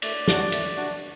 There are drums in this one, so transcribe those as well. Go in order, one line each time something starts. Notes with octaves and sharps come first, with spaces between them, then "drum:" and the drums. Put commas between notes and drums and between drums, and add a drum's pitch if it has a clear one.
A3 D5, drum: cymbal
D4 F#4, drum: snare
A3, drum: cymbal
D4 F#4